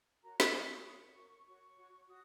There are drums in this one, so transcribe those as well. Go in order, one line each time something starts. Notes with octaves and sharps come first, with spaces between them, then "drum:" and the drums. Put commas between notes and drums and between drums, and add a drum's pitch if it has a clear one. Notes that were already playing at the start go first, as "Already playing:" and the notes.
F#4 A#4 C#5 A#5
A#5, drum: snare
F#4 A#4 C#5 C#6
D#6
F#4 A#4 C#5 C#6
F#4 A#4 C#5
F#4 C#5 C#6
F#4 C#5
F#4 D#6